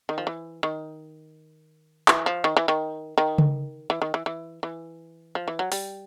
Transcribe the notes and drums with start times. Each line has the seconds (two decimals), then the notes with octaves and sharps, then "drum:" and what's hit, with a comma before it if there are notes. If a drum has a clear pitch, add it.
0.09 D#3
0.18 F3
0.27 E3
0.63 D#3
2.08 E3, drum: clap
2.26 F3
2.44 D#3
2.57 E3
2.68 D#3
3.18 D#3
3.38 drum: tom C#3
3.90 E3
4.02 D#3
4.14 E3
4.26 E3
4.63 E3
5.35 F3
5.48 E3
5.59 F#3
5.72 G3, drum: open hi-hat